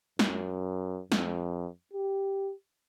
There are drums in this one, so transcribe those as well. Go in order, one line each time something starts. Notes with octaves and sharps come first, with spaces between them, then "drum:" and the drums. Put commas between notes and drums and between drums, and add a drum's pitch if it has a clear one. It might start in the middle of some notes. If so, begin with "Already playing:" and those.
F#2, drum: snare
F2, drum: snare
G4